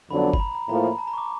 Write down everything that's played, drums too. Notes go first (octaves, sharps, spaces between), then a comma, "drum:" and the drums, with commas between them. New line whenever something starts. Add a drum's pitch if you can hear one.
F2 D3 F#3 B3 D4 B5
B5, drum: kick
A#5
A#5
A2 F3 A#3 A#5
B5
A5
A#5
C#6
D6